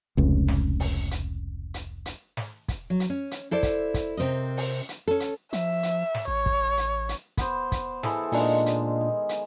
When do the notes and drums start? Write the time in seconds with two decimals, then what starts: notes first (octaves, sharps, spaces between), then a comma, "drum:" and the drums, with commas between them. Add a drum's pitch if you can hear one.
0.17 F1 C#2
0.48 drum: snare
0.80 drum: open hi-hat
1.11 drum: hi-hat
1.74 drum: hi-hat
2.06 drum: hi-hat
2.37 drum: snare
2.68 drum: kick, hi-hat
2.90 F#3
3.00 drum: hi-hat
3.10 C#4
3.31 drum: hi-hat
3.51 E4 A4 C5 D5
3.63 drum: kick, hi-hat
3.94 drum: kick, hi-hat
4.17 C3 C4 A#4 D#5
4.57 drum: open hi-hat
4.89 drum: hi-hat
5.08 C#4 A4
5.20 drum: hi-hat
5.53 F3 E5, drum: hi-hat
5.83 drum: hi-hat
6.14 drum: snare
6.28 A1 C#5
6.46 drum: kick
6.77 drum: hi-hat
7.09 drum: hi-hat
7.37 B3 C5, drum: kick, hi-hat
7.72 drum: kick, hi-hat
8.03 E3 G#4 A4, drum: snare
8.32 A#2 D#3 G#3 D4 F5, drum: open hi-hat
8.66 drum: hi-hat
9.01 G#5
9.29 drum: hi-hat